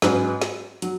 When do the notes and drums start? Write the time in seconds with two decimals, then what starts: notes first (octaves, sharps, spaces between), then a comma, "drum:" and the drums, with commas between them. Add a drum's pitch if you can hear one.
0.02 G#2 F#3 C#4 G#4 B4, drum: snare
0.41 drum: snare
0.82 F#3, drum: hi-hat